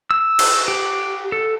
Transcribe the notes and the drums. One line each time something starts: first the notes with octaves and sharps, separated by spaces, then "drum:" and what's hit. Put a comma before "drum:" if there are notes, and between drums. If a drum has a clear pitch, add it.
E6
drum: cymbal
G4
A4